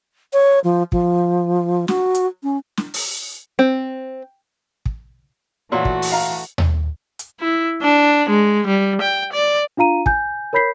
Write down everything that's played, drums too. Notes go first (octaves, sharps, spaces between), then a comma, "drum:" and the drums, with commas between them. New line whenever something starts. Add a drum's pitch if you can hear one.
C#5
F3
F3, drum: kick
F#4, drum: snare
drum: hi-hat
C#4
drum: snare
drum: open hi-hat
C4
drum: kick
A#2 E3 F#3 A3 F#4
drum: kick
drum: open hi-hat
F5 A#5
drum: tom D#2
drum: hi-hat
E4
D4
G#3
G3
G5
D5
D4 F4 F5 A#5 D#7
G#5 G6, drum: kick
A#4 C#5 B5 G6 B6 C7